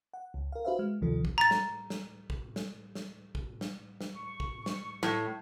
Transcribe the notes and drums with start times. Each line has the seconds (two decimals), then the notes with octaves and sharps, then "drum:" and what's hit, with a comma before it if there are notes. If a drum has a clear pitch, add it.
0.14 F#5
0.34 C#2
0.52 A#4 F5
0.65 F#4 B4 C5 E5 F5
0.79 G#3 F6
1.01 A1 D2 C3 D#3 F3 A4
1.25 drum: kick
1.38 A#5 A6
1.51 drum: snare
1.90 drum: snare
2.30 drum: kick
2.56 drum: snare
2.95 drum: snare
3.35 drum: kick
3.61 drum: snare
4.01 drum: snare
4.15 C#6
4.40 drum: kick
4.66 drum: snare
5.03 A2, drum: snare